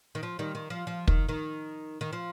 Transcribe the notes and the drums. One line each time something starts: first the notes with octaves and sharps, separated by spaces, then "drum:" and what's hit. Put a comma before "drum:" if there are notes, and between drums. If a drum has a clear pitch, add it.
D#3
F3
D#3 G3
D#3
F3
F3
D#3, drum: kick
D#3
D#3
F3